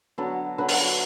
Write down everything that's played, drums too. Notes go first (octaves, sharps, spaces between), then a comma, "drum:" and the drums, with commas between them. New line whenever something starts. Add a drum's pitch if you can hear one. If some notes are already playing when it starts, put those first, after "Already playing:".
D3 F#3 B3 A4
D3 F#3 B3 B4
drum: open hi-hat